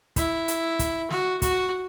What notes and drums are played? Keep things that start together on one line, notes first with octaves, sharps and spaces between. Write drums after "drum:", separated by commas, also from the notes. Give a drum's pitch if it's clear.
E4, drum: kick, hi-hat
drum: hi-hat
drum: kick, hi-hat
F#4, drum: snare
F#4, drum: kick, hi-hat